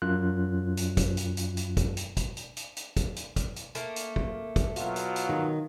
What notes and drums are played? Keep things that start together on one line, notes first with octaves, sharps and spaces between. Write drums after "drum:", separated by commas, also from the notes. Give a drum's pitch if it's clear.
F#2 F4 F#6
drum: hi-hat
drum: kick, hi-hat
drum: hi-hat
drum: hi-hat
drum: hi-hat
drum: kick, hi-hat
drum: hi-hat
drum: kick, hi-hat
drum: hi-hat
drum: hi-hat
drum: hi-hat
drum: kick, hi-hat
drum: hi-hat
drum: kick, hi-hat
drum: hi-hat
A3 A#3, drum: hi-hat
drum: hi-hat
drum: kick
drum: kick, hi-hat
B2 F#3 F4, drum: hi-hat
drum: hi-hat
drum: hi-hat
D#3